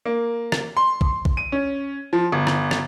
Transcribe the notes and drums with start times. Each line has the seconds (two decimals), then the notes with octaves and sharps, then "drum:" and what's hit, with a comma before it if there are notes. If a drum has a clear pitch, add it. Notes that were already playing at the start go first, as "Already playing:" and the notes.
0.05 A#3
0.52 drum: rim click
0.77 C6
1.01 drum: kick
1.25 drum: kick
1.37 D#7
1.52 C#4
2.13 F3
2.32 G1
2.47 drum: rim click
2.71 drum: rim click